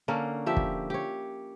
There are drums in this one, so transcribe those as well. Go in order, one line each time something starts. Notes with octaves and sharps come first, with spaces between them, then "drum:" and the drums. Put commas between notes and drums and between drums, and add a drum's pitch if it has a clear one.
D3 A#3 C#4
F3 G4 E5
drum: kick
G4 C#5